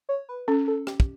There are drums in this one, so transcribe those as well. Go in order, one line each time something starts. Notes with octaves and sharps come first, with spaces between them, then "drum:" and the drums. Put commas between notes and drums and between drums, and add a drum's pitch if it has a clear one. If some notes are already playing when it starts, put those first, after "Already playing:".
C#5
B4
C#4 A4
A4
G4, drum: rim click
drum: kick